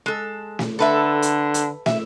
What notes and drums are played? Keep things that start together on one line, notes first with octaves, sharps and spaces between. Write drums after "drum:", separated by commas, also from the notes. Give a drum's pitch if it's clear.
G#3 A4
drum: snare
D3 A4 B4 E5
drum: hi-hat
drum: hi-hat
E5, drum: snare